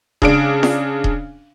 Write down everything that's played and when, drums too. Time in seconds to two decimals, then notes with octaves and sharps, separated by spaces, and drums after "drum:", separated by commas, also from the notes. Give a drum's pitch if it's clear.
0.22 C#3 D4 D7, drum: kick D#1
0.63 drum: snare F4
1.04 drum: kick D#1